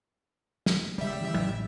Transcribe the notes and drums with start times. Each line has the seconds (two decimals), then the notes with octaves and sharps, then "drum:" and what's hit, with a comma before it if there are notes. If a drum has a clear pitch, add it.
0.66 drum: snare
0.98 C#3 G3 G#3 E5
1.21 E3
1.34 A1, drum: tom F#3